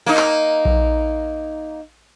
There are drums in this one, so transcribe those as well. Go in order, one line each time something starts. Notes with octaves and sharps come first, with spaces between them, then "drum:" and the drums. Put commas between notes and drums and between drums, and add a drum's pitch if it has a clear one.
A#3 D#4
drum: clap
drum: kick A#1